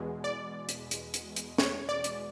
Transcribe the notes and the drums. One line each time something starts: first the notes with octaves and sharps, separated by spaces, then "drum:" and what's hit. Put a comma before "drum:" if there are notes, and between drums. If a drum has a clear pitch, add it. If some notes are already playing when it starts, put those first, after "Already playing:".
Already playing: E2 B2 G#3
D5
drum: hi-hat
drum: hi-hat
drum: hi-hat
drum: hi-hat
C#5, drum: snare
D5
drum: hi-hat